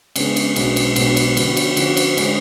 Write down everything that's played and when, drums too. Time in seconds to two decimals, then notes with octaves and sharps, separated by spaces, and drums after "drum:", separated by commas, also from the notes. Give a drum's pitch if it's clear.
0.16 C#3 G#3 B3 D4 G#4, drum: cymbal
0.36 drum: cymbal
0.56 B1 B2 G#3 B3 D4, drum: cymbal
0.76 drum: cymbal
0.96 B1 B2 G#3 B3 D4, drum: cymbal
1.16 drum: cymbal
1.37 D3 F3 B3 F#4, drum: cymbal
1.57 drum: cymbal
1.77 D3 F3 B3 F#4, drum: cymbal
1.97 drum: cymbal
2.17 D3 G#3, drum: cymbal